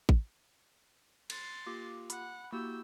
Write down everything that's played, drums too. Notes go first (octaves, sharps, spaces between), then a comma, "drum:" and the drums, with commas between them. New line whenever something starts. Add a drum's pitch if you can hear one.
drum: kick A1
C6 A6, drum: cymbal
A#3 F4 G4 D6
F#5 B5, drum: hi-hat
A#3 E4 F#4 G4 E6 G6